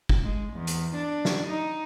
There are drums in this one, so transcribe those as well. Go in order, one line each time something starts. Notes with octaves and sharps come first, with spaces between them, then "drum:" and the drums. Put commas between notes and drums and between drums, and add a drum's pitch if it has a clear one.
drum: kick
G#3
E2
drum: hi-hat
D4
drum: snare
D#4